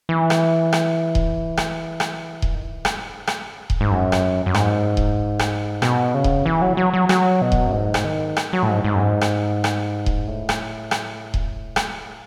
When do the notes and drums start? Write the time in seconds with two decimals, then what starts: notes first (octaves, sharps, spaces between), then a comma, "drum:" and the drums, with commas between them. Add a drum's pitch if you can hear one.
0.09 E3
0.30 drum: rim click
0.73 drum: rim click
1.15 drum: kick D#1
1.57 drum: rim click
2.00 drum: rim click
2.42 drum: kick D#1
2.54 D#3
2.63 E3
2.85 drum: rim click
2.95 G#2
3.27 F#2, drum: rim click
3.70 drum: kick D#1
3.80 G#2
3.91 F#2
4.12 drum: rim click
4.46 F#2
4.54 G#2, drum: rim click
4.97 drum: kick D#1
5.39 drum: rim click
5.82 B2, drum: rim click
6.14 C#3
6.24 drum: kick D#1
6.46 E3
6.62 F#3
6.77 F#3
6.94 F#3
7.09 F#3, drum: rim click
7.41 B2
7.52 drum: kick D#1
7.66 F#2
7.73 G#2
7.94 drum: rim click
8.04 D#3
8.37 drum: rim click
8.53 F#3
8.63 A2
8.69 G#2
8.84 G#2
8.95 F#2
9.01 G#2
9.21 drum: rim click
9.64 drum: rim click
10.06 drum: kick D#1
10.27 A2
10.49 drum: rim click
10.91 drum: rim click
11.34 drum: kick D#1
11.76 drum: rim click